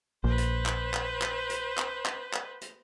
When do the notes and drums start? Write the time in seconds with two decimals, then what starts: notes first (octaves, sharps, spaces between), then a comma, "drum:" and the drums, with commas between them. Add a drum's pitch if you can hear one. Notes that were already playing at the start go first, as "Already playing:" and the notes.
0.24 A#1 B4 C5
0.38 drum: hi-hat
0.66 drum: clap
0.94 drum: clap
1.22 drum: clap
1.50 drum: hi-hat
1.78 drum: clap
2.06 drum: clap
2.34 drum: clap
2.61 drum: hi-hat